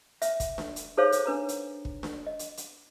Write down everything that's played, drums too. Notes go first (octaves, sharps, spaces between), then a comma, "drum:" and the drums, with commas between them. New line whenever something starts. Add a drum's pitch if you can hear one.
E5, drum: hi-hat
drum: kick, hi-hat
drum: snare D4
drum: hi-hat
D#4 G#4 A4 C5 C#5 F5
drum: hi-hat
D4 B4 A#5
drum: hi-hat
drum: kick
drum: snare D4
D#5
drum: hi-hat
drum: hi-hat